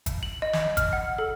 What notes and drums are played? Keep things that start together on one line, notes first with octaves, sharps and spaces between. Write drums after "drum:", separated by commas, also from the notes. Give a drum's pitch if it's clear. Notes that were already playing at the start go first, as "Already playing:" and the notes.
drum: kick, hi-hat
F#7
D#5
drum: snare
F6, drum: kick, hi-hat
F#5
A4